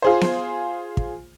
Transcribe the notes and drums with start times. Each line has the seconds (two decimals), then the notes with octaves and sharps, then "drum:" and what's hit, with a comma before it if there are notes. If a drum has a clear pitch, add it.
0.02 F4 G#4 C5
0.21 drum: snare B3
0.97 drum: kick